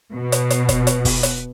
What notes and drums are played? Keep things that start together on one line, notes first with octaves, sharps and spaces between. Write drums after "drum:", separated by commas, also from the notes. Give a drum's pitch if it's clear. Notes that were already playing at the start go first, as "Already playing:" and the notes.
B2
drum: hi-hat
drum: hi-hat
drum: kick, hi-hat
drum: hi-hat
drum: kick, open hi-hat
drum: hi-hat